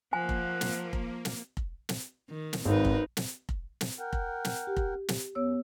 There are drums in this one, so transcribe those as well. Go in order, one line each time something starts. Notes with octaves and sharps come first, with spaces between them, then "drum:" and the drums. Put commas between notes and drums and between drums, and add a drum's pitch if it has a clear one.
F3 A#3 F#5 G#5
drum: kick F1
drum: snare
drum: kick F1
drum: snare
drum: kick F1
drum: snare
D#3
drum: snare
G#1 C4 D#4 A#4 B4
drum: kick F1
drum: snare
drum: kick F1
drum: snare
A#4 F#5 G5
drum: kick F1
drum: snare
G4
drum: kick F1
drum: snare
F#2 B3 C#5 E6